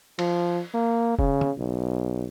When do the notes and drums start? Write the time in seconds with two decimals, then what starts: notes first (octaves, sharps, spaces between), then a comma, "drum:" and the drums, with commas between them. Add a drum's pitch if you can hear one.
0.19 F3, drum: cymbal
0.74 A#3
1.19 C#3, drum: kick
1.41 drum: tom
1.58 B1